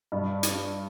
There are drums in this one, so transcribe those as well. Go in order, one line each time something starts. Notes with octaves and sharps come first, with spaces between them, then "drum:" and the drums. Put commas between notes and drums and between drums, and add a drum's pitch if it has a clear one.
G2
drum: hi-hat